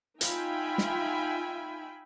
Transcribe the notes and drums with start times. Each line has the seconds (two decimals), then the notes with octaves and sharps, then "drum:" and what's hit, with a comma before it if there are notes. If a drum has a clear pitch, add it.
0.21 D#4 F4 E5 G5 G#5 B5, drum: hi-hat
0.78 drum: snare